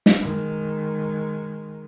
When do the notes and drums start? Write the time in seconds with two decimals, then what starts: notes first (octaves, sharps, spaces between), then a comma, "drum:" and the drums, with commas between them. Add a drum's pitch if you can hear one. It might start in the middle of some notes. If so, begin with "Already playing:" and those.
0.06 drum: snare
0.22 D#3 G#3